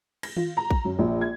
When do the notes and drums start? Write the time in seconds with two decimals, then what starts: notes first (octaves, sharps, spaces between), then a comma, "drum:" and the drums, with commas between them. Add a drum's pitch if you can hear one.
0.23 A#6, drum: cymbal
0.37 F4, drum: tom D#3
0.57 A#5
0.70 drum: kick
0.85 F#2
0.99 A#1
1.21 G#6